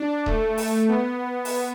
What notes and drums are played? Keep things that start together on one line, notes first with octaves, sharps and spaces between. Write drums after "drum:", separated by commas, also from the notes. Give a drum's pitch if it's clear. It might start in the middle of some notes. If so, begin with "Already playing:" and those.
Already playing: D4
A3, drum: kick D#1
A3, drum: open hi-hat
B3
drum: open hi-hat